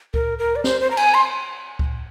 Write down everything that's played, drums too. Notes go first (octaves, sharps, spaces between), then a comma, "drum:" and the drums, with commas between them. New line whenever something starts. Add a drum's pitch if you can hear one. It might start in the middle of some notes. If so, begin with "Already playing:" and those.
A#4, drum: kick C#2
A#4
D5
C5, drum: snare
C5
A#5
G#5, drum: cymbal
C6
drum: kick C#2